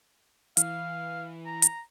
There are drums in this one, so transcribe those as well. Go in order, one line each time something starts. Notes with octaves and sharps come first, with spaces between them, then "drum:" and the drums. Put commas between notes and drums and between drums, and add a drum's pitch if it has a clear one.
E3 F5, drum: hi-hat
A#5
drum: hi-hat